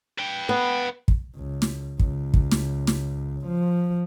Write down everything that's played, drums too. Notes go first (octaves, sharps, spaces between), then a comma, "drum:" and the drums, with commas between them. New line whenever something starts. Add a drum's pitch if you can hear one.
B4 G5
B3
drum: kick
C#2
drum: snare
C#2, drum: kick
drum: kick
drum: snare
drum: snare
F3